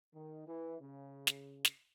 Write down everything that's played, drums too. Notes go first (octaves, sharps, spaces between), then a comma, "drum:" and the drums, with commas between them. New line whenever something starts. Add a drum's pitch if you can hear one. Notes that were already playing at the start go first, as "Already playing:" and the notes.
D#3
E3
C#3
drum: snare
drum: snare